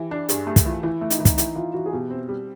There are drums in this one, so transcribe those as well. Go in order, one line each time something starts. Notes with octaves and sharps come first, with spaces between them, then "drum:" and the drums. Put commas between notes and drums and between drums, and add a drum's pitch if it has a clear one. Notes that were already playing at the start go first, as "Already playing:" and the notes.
Already playing: E3 G4
D4
G2 G#4, drum: hi-hat
A3 G4
drum: kick, hi-hat
E3 F4
E3 E4
A3
D#4, drum: hi-hat
E3 E4
D#4, drum: kick, hi-hat
E3, drum: hi-hat
E3 F4
E3 F#4
G#4
B2 G4
C4
G3